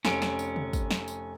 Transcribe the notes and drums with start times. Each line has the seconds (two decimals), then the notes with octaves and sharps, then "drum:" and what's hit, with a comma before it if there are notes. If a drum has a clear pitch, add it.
0.05 F1 C#4 D7, drum: snare
0.22 drum: snare
0.39 drum: tambourine
0.56 drum: tom C3
0.73 drum: kick, tambourine
0.91 drum: snare
1.08 drum: tambourine